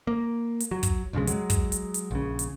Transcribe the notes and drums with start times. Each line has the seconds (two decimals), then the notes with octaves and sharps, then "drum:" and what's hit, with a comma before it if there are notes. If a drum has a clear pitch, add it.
0.07 A#3
0.60 drum: hi-hat
0.71 F#3
0.83 drum: kick, hi-hat
1.13 B1 F2 C#3 G#3
1.27 F#3 G#3, drum: hi-hat
1.50 drum: kick, hi-hat
1.72 drum: hi-hat
1.94 drum: hi-hat
2.11 A#1 C#3
2.39 drum: hi-hat